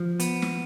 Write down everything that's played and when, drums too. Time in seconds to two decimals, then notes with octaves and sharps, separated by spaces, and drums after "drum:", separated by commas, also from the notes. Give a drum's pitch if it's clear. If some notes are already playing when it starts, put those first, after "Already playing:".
Already playing: F3
0.20 B3, drum: hi-hat
0.42 drum: snare